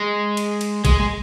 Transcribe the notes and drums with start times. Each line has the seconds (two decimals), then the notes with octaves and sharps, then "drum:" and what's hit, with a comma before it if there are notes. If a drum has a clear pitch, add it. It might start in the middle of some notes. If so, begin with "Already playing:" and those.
Already playing: G#3
0.37 drum: cymbal
0.61 drum: cymbal
0.85 G#3, drum: kick A1, cymbal
1.00 G#3